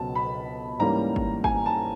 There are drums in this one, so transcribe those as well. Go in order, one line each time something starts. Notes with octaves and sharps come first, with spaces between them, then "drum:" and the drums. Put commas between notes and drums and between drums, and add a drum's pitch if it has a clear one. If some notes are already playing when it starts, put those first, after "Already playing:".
Already playing: C#2 B2 F#3 A5
B5
G#2 E3 G3 A#3 C#4 A#5
drum: kick
G#5, drum: kick
A5